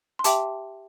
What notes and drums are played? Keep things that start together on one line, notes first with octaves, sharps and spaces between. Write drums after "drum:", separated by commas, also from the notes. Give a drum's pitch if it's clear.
C6
G4 E5 G5 A5 D6, drum: hi-hat